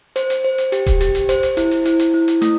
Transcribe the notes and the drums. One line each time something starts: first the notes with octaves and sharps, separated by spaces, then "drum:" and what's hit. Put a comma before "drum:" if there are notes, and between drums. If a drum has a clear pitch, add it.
C5, drum: hi-hat
drum: hi-hat
C5
drum: hi-hat
G4, drum: hi-hat
drum: kick D#1, hi-hat
G4, drum: hi-hat
drum: hi-hat
C5, drum: hi-hat
drum: hi-hat
E4, drum: hi-hat
drum: open hi-hat
E4, drum: hi-hat
drum: hi-hat
E4
drum: hi-hat
A3, drum: hi-hat